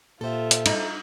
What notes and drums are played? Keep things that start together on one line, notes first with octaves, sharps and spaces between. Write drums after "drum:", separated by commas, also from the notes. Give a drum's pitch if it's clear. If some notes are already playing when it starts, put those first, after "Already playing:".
A#2 F4 G4 A4 C5 E5
drum: hi-hat
D#4, drum: cymbal